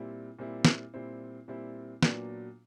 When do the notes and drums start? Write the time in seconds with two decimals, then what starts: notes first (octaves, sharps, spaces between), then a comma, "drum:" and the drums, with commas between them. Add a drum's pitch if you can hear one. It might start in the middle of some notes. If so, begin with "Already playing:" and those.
Already playing: A#2 G3 C4 E4
0.39 A#2 G3 C4 E4
0.65 drum: snare
0.94 A#2 G3 C4 E4
1.48 A#2 G3 C4 E4
2.03 A#2 F#3 B3 D4, drum: snare